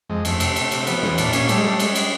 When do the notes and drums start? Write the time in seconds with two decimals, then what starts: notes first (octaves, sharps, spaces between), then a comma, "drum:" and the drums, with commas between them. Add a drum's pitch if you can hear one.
0.09 F2 G#3
0.25 F2 A3, drum: cymbal
0.40 C3, drum: cymbal
0.56 C3, drum: cymbal
0.71 C3, drum: cymbal
0.87 F3 B3, drum: cymbal
1.02 E2, drum: snare
1.18 A#2 D4, drum: cymbal
1.33 A#2 C#4, drum: cymbal
1.49 G3 A3, drum: cymbal
1.57 G#3
1.65 G3 A3
1.80 G3 G#3, drum: cymbal
1.95 G3, drum: cymbal